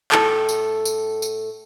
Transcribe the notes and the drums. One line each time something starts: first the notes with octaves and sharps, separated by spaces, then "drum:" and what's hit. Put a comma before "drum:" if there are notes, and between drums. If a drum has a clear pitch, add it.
A2 A4, drum: clap
drum: tambourine
drum: tambourine
drum: tambourine